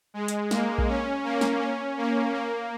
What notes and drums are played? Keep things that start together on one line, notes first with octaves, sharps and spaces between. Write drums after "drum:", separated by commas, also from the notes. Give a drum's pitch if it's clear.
G#3
drum: hi-hat
A#3, drum: snare
drum: kick A#1
C#4
A#3
drum: snare
C#4
A#3
A#3